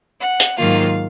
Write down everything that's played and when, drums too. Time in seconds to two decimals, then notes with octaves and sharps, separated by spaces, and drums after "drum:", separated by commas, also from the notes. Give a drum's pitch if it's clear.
0.20 F#5
0.40 drum: hi-hat
0.57 G#2 D#3 F#3 A#3 F4 F5